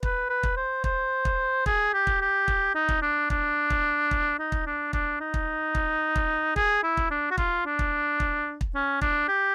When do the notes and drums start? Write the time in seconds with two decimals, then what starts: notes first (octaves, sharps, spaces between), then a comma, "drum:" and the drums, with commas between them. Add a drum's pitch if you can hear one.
0.03 B4, drum: kick
0.29 B4
0.43 drum: kick
0.57 C5
0.84 C5, drum: kick
1.25 drum: kick
1.66 G#4, drum: kick
1.93 G4
2.07 drum: kick
2.21 G4
2.48 drum: kick
2.75 D#4
2.89 drum: kick
3.02 D4
3.30 D4, drum: kick
3.70 drum: kick
4.11 drum: kick
4.39 D#4
4.52 drum: kick
4.66 D4
4.93 D4, drum: kick
5.20 D#4
5.34 drum: kick
5.75 drum: kick
6.16 drum: kick
6.56 G#4, drum: kick
6.83 E4
6.97 drum: kick
7.10 D4
7.31 F#4
7.38 F4, drum: kick
7.66 D4
7.79 drum: kick
8.20 drum: kick
8.61 drum: kick
8.75 C#4
9.01 D4, drum: kick
9.28 G4